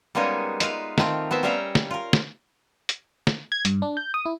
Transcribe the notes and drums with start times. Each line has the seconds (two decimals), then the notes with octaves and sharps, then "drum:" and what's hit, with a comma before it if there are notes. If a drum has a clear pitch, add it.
0.15 G3 G#3 A#3 B3 C#4 D#4
0.60 D#4 F4 B4 D5 E5 F5, drum: hi-hat
0.98 D#3 A3 C4 F4, drum: snare
1.31 B3 C4 C5 E5
1.43 G3 C#4 E5 F5 G5 A#5
1.75 drum: snare
1.91 F4 A#4
2.13 drum: snare
2.89 drum: hi-hat
3.27 drum: snare
3.52 G#6
3.65 G2, drum: hi-hat
3.82 D4
3.97 G6
4.14 D#6
4.25 E4